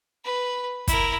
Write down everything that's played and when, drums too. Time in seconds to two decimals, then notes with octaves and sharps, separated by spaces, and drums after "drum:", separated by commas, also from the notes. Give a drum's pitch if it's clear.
0.24 B4
0.88 E4 A#4, drum: kick, hi-hat